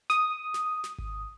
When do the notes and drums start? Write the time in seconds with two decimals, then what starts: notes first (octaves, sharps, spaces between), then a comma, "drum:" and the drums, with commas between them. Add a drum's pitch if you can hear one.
0.10 D#6, drum: snare
0.54 drum: snare
0.84 drum: snare
0.98 drum: kick G#1